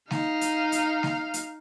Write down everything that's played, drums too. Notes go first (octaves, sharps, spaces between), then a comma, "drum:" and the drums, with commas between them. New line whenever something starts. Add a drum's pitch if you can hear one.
D#4 F5, drum: snare
drum: hi-hat
drum: hi-hat
drum: snare
drum: hi-hat